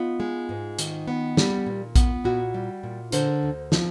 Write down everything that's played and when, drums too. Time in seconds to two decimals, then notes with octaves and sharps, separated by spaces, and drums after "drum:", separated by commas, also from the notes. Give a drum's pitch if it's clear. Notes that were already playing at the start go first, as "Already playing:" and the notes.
Already playing: B3 D#4 F4
0.20 G#3
0.49 G#2
0.79 D#3, drum: hi-hat
1.07 B3
1.37 G3, drum: snare
1.66 A#2
1.96 B3, drum: kick A#1, hi-hat
2.24 A#2 E4 F#4
2.54 G3
2.83 A#2
3.12 D3 A#4 C5, drum: hi-hat
3.43 D2
3.72 F3, drum: snare